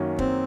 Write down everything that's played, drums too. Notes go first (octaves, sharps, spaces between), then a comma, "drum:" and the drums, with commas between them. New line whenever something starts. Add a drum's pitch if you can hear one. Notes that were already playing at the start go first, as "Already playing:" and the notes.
Already playing: F#2 D#3 A#3 C#4 F#4
C4, drum: kick